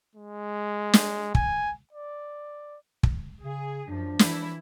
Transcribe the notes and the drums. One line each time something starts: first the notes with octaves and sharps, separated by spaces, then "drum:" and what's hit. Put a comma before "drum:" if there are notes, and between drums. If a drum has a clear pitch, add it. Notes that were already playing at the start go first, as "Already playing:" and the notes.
G#3
drum: snare
G#5, drum: kick
D5
drum: kick
C#3 G#4
F#2 F3 D4
E3 E4, drum: snare